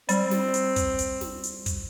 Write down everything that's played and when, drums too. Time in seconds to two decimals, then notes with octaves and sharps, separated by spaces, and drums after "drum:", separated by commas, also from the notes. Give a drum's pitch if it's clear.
0.09 G3 C4, drum: hi-hat
0.31 drum: snare
0.54 drum: hi-hat
0.76 drum: kick, hi-hat
0.99 drum: hi-hat
1.21 drum: snare
1.44 drum: hi-hat
1.66 drum: kick, hi-hat